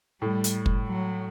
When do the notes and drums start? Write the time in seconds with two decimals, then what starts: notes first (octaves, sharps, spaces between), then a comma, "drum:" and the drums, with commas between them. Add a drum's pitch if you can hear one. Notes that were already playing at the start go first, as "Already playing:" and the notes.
0.22 A2 G3
0.44 drum: hi-hat
0.66 drum: kick
0.87 F#3